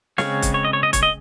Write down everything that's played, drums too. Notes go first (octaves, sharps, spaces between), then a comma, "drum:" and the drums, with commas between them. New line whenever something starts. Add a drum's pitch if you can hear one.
C#3 G#3 C4 C#5 F5, drum: snare
drum: kick, hi-hat
C#5
D#5
C#5
D#5
C#5, drum: kick, hi-hat
D#5